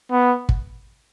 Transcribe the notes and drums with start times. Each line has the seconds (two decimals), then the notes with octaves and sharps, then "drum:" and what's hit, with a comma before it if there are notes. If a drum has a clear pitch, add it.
0.11 B3
0.49 drum: kick